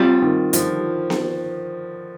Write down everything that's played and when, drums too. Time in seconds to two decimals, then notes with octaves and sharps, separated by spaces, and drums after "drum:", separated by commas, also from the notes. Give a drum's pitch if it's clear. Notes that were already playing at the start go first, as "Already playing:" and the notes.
Already playing: G3 C4 F4
0.22 D#3
0.53 D3 F3, drum: hi-hat
1.10 drum: snare B3